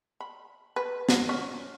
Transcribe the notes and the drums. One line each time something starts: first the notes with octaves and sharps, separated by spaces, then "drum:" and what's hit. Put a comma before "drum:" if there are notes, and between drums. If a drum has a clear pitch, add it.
B5
B4
drum: snare
C#4